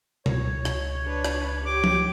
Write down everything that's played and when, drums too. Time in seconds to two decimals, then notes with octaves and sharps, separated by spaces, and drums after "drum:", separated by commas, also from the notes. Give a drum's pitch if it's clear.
0.26 C#2 C#5, drum: tom B2
0.65 drum: rim click
1.04 D4 B4
1.25 drum: rim click
1.66 G4 D6
1.84 drum: tom F3